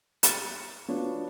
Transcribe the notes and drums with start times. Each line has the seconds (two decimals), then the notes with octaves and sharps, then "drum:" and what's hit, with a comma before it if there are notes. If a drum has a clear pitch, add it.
0.23 F6 F#6 A6 C#7 D#7, drum: hi-hat
0.88 F3 B3 D4 F#4 C#5 D5